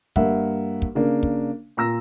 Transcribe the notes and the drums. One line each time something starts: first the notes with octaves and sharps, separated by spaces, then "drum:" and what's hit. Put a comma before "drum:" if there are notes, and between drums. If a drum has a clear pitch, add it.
G2 A#3 E5 F#5, drum: kick
drum: kick
C#3 A#3 D4
drum: kick
A#2 A#5 E6 A#6